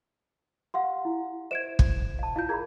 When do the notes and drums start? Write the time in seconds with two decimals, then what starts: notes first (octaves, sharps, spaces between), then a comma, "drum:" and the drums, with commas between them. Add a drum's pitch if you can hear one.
0.74 G4 F5 F#5 C6
1.05 E4
1.51 C5 E5 G#6 D7 E7
1.79 drum: kick
2.19 F5 A5
2.36 E4 F4 F5 G6
2.49 G#4 A#4 F5 A#5 B5 G#6